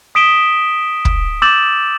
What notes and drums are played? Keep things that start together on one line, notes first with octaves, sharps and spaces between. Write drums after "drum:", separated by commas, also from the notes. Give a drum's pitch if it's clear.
D#6 B6 D7 E7 G7
drum: kick
D6 E6 G6 A6 E7 F#7